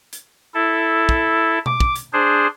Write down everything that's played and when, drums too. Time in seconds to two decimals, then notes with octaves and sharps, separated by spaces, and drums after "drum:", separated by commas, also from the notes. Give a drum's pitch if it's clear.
0.13 drum: hi-hat
0.54 E4 A4
1.09 drum: kick
1.66 D6, drum: tom B2
1.80 drum: kick
1.96 drum: hi-hat
2.13 D4 G#4 C5